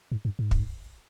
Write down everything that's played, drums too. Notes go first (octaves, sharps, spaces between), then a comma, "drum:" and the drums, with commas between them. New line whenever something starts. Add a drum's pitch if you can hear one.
G#2
G2
G#2
drum: kick